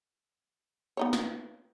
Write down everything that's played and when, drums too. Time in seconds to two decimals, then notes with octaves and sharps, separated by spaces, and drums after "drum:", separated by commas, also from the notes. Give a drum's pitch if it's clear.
0.97 B3 D#4 C#5
1.13 drum: snare